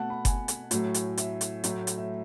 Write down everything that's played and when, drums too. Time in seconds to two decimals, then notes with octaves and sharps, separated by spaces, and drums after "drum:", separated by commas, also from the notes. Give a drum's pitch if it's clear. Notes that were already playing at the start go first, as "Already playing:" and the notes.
Already playing: B2 A3 F#5 A5
0.10 B5
0.25 G#5, drum: kick F#1, hi-hat
0.48 drum: hi-hat
0.71 A2 F#3 A3, drum: hi-hat
0.94 drum: hi-hat
1.17 E5, drum: hi-hat
1.41 drum: hi-hat
1.64 A2 F#3 A3, drum: hi-hat
1.87 drum: hi-hat
1.97 E5